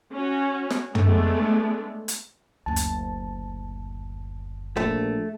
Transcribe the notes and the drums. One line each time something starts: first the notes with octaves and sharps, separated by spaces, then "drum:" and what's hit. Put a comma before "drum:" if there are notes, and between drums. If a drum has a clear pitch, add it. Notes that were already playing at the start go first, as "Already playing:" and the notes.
C#4 F#4
drum: snare
G#3 A3 B3 D4, drum: tom
drum: hi-hat
F#1 D2 A5
drum: hi-hat
A#1 A3